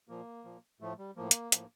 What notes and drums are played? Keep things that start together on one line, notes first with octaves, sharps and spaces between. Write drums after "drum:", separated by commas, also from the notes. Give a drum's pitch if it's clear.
A#2 F3 A#3
A#2 F3
A2 F3 A3
G3
A2 F3 A#3
drum: hi-hat
A2 F3, drum: hi-hat